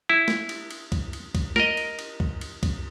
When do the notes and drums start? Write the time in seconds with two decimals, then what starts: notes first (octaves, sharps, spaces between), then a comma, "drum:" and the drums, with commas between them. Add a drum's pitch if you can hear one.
0.10 E4
0.28 drum: snare
0.49 drum: cymbal
0.70 drum: cymbal
0.92 drum: kick, cymbal
1.13 drum: cymbal
1.35 drum: kick, cymbal
1.56 A#4 D#5, drum: snare
1.77 drum: cymbal
1.99 drum: cymbal
2.20 drum: kick
2.41 drum: cymbal
2.63 drum: kick, cymbal